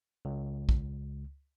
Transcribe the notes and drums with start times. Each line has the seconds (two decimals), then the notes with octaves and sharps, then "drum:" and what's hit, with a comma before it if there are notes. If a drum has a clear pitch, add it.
0.25 C#2
0.69 drum: kick